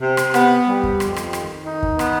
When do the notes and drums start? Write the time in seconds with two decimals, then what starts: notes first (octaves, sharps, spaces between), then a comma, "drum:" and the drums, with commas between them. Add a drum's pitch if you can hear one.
0.01 C3
0.17 drum: rim click
0.34 B3, drum: rim click
0.67 G3
0.83 drum: kick
1.00 F2, drum: rim click
1.16 drum: rim click
1.33 D#3, drum: rim click
1.66 D#4
1.83 drum: kick
1.99 B3, drum: rim click